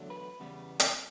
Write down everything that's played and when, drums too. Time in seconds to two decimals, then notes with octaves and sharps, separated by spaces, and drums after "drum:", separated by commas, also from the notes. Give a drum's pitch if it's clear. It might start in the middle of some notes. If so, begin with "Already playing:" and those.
Already playing: E2 D3 F#3 A3
0.10 B4
0.40 E2 C#3 G3 B3
0.80 drum: hi-hat